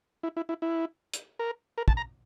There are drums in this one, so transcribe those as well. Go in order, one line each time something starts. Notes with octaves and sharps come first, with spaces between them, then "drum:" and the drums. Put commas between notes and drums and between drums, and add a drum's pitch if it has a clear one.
E4
E4
E4
E4
drum: hi-hat
A#4
A#4
A5, drum: kick
A#5